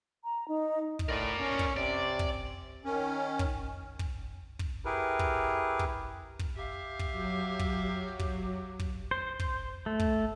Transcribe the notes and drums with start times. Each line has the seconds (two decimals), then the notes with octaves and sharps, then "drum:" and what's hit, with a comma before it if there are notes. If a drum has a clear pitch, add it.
0.24 A#5
0.48 D#4
0.99 drum: kick
1.09 A2 A#4 D5
1.40 C#4
1.59 drum: kick
1.77 C3 D5
2.19 drum: kick
2.85 D#3 C#4
3.39 drum: kick
3.99 drum: kick
4.59 drum: kick
4.85 E4 G4 G#4 A#4 B4
5.19 drum: kick
5.79 drum: kick
6.39 drum: kick
6.56 G4 E5 F5
6.99 drum: kick
7.12 F#3
7.59 drum: kick
8.19 drum: kick
8.79 drum: kick
9.11 C5
9.39 drum: kick
9.86 A3
10.00 drum: kick